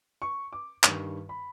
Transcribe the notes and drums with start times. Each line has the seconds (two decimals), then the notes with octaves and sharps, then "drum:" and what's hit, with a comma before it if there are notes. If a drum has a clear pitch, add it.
0.22 C#6
0.53 D6
0.84 G2 D#3 G3 C#6, drum: clap
1.29 B5